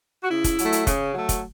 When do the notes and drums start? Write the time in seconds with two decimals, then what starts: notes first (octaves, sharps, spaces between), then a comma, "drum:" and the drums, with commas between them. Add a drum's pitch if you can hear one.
0.24 F#4
0.30 C#3 E4
0.44 drum: kick, hi-hat
0.59 F#3 A3, drum: hi-hat
0.72 drum: hi-hat
0.87 C#3, drum: kick, hi-hat
1.14 F#3 A3
1.29 drum: kick, hi-hat